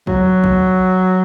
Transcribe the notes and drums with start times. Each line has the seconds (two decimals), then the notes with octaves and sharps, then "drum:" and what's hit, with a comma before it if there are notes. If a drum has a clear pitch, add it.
0.07 F#3, drum: kick
0.44 drum: kick